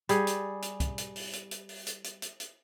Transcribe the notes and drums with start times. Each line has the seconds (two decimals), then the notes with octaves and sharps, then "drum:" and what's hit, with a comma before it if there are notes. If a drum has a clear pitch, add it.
0.09 G3 G#4, drum: hi-hat
0.27 drum: hi-hat
0.62 drum: hi-hat
0.80 drum: kick, hi-hat
0.98 drum: hi-hat
1.16 drum: open hi-hat
1.33 drum: hi-hat
1.51 drum: hi-hat
1.69 drum: open hi-hat
1.87 drum: hi-hat
2.04 drum: hi-hat
2.22 drum: hi-hat
2.40 drum: hi-hat